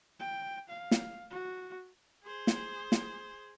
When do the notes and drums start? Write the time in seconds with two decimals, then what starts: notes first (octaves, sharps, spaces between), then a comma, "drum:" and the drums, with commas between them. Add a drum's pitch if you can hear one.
0.20 G5
0.69 F5
0.91 drum: snare
1.30 F#4
2.24 G#4 C5
2.47 drum: snare
2.92 drum: snare